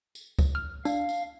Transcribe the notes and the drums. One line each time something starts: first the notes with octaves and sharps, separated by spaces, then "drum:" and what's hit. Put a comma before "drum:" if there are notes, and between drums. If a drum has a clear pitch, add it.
drum: tambourine
drum: kick, tambourine
F6
D4 F5, drum: tambourine
drum: tambourine